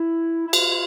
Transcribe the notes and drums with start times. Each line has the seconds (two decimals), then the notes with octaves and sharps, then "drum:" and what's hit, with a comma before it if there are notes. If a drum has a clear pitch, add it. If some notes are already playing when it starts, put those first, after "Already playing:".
Already playing: E4
0.47 E4
0.53 F4, drum: cymbal